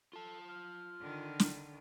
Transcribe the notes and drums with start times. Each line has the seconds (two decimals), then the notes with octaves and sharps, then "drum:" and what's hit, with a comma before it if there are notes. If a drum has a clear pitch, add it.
0.13 F4 A4 A5
0.48 F6
1.01 D3 D#3
1.40 drum: snare